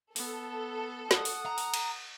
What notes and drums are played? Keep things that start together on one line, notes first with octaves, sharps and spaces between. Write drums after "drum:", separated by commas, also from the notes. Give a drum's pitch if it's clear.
B3 A4, drum: open hi-hat
F#5 D#6, drum: snare
drum: open hi-hat
A#5
drum: open hi-hat
drum: cymbal